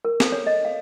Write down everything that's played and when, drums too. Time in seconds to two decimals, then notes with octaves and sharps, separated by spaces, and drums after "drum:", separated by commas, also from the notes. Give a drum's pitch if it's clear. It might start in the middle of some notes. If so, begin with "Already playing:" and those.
0.05 A#4
0.20 A4, drum: snare
0.32 C#5
0.47 D#5
0.65 F5